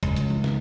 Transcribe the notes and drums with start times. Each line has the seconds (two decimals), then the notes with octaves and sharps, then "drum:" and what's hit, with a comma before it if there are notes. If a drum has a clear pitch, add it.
0.03 C#2, drum: kick F#1, hi-hat
0.16 drum: hi-hat
0.30 drum: tom E3
0.44 drum: snare